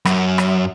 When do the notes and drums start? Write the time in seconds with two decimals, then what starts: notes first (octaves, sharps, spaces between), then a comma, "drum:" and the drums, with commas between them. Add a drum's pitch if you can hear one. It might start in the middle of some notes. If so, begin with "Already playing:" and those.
0.05 F#2, drum: rim click
0.38 drum: rim click